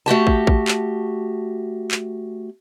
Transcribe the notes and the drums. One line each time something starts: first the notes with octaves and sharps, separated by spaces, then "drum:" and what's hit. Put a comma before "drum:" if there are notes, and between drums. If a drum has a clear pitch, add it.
A3 F#4 G4 A5
drum: kick
drum: kick
drum: clap
drum: clap